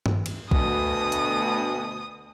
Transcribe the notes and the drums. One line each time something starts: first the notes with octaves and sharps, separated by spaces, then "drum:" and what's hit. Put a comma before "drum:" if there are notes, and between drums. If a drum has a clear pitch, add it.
drum: tom G2
drum: cymbal
D2 B2 D#6, drum: kick B1
drum: hi-hat